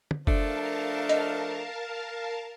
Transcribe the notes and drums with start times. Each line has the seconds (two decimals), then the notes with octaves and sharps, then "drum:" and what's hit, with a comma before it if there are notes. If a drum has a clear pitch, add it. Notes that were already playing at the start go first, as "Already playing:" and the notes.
0.11 drum: tom
0.27 F3 A3 D4 A#4 F5 A5, drum: kick F#1
1.09 D#5, drum: hi-hat